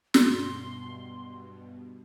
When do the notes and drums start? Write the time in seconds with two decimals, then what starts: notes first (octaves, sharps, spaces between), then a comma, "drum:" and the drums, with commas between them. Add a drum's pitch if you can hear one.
0.14 G2 B2 C6, drum: snare